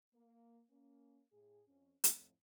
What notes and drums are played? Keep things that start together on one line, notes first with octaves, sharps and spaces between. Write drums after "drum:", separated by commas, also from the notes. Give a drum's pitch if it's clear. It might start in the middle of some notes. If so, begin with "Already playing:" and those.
A#3
A#3 C#4
A2 G#4
F2 C#4
F2 A2, drum: hi-hat